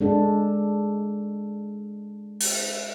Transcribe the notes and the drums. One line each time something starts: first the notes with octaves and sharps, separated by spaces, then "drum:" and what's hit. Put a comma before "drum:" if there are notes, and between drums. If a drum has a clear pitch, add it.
G#3 D4 A4
drum: open hi-hat